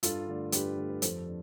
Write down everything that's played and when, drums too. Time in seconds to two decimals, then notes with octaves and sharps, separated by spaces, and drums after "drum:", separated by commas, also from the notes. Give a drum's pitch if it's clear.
0.03 G2 F4 A4, drum: hi-hat
0.27 D3 A3 D4
0.52 G2 G4 B4, drum: hi-hat
0.77 D3 A3 D4
0.90 B4
1.02 F2 A4 C5, drum: hi-hat
1.27 D4